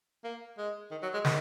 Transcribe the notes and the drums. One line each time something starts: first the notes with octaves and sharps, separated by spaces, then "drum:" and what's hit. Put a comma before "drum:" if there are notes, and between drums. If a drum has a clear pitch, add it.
A#3
G#3
D#3
F#3
G#3
D#3, drum: snare